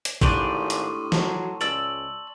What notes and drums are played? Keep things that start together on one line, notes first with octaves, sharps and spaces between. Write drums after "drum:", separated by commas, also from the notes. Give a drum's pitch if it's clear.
drum: hi-hat
G#1 A2 D4 G4 D5 C6 C#6 D#7, drum: kick A1
drum: hi-hat
F#3 A5, drum: snare
C#2 D5 E6 F#7